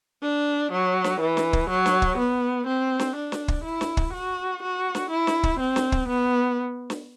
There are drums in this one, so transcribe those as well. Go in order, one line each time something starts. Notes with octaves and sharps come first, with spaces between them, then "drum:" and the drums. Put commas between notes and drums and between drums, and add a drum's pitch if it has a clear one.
D4
F#3
drum: snare
E3
drum: snare
drum: kick
F#3
drum: snare
drum: kick
B3
C4
drum: snare
D4
drum: snare
drum: kick
E4
drum: snare
drum: kick
F#4
F#4
drum: snare
E4
drum: snare
drum: kick
C4
drum: snare
drum: kick
B3
drum: snare